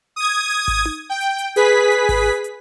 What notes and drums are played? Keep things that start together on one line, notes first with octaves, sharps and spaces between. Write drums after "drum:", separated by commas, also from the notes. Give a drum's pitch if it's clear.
D#6 G#6
drum: hi-hat
drum: kick G#1, open hi-hat
drum: tom D#4
G5
drum: hi-hat
drum: hi-hat
G#4 B4 B6, drum: hi-hat
drum: hi-hat
drum: kick G#1, open hi-hat
drum: hi-hat